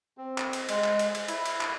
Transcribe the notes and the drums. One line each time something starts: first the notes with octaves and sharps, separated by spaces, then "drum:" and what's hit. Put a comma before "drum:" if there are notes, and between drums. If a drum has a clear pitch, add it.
C4
drum: clap
drum: cymbal
G#3, drum: cymbal
drum: clap
drum: cymbal
drum: cymbal
E4, drum: cymbal
drum: cymbal
drum: clap